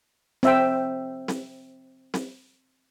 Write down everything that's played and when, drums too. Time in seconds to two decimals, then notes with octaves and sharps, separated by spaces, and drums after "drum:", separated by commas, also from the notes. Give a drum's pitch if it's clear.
0.43 C4 E5 G5, drum: snare C4
1.28 drum: snare C4
2.14 drum: snare C4